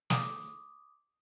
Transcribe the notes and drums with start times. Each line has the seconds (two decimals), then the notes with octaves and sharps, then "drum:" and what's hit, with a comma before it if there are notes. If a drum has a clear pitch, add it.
0.10 D6 D#6, drum: snare